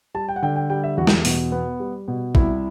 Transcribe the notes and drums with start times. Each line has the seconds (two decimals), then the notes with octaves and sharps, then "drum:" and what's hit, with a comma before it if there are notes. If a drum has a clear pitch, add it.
0.14 G3 A5
0.29 G5
0.36 F#5
0.42 D3 G5
0.56 G5
0.70 G3 G5
0.84 E5
0.97 E2 F#4
1.07 drum: snare
1.25 B2, drum: open hi-hat
1.52 B3
1.80 G3
2.08 B2
2.35 C2 E4, drum: kick